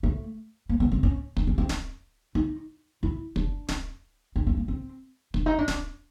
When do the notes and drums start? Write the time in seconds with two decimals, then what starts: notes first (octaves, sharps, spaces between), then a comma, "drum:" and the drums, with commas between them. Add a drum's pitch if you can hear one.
0.03 A3
0.69 A#3
0.80 B3
0.92 C4
1.03 C#4
1.37 D4, drum: kick
1.47 C#4
1.58 C4
1.69 drum: snare
2.35 D#4
3.03 E4
3.36 D4, drum: kick
3.69 drum: snare
4.36 D4
4.47 C#4
4.57 A#3
4.68 C4
5.34 D4, drum: kick
5.46 D#4
5.58 D4
5.68 drum: snare